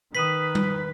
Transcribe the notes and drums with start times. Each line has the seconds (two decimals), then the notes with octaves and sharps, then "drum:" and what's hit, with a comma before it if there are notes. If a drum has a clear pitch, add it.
0.15 D#3 B4 D#6 B6 D#7 F#7
0.55 drum: tom G3